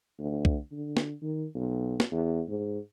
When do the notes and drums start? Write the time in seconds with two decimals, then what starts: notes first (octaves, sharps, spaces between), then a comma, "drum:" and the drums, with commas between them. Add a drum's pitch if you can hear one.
0.19 D2
0.45 drum: kick
0.72 D3
0.97 drum: snare
1.22 D#3
1.55 B1
2.00 drum: snare
2.11 E2
2.48 G#2